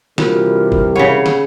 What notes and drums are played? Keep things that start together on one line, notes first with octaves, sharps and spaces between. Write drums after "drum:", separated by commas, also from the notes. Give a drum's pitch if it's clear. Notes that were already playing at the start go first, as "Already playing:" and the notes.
C3 E3 G3 D4 F4 F#4 A#4, drum: snare
drum: kick
C#3 C#5 F#5 B5
drum: snare